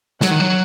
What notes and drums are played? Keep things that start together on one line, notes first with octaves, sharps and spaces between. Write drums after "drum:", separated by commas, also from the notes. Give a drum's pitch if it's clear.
F#3 F#5, drum: snare
D#3
F#3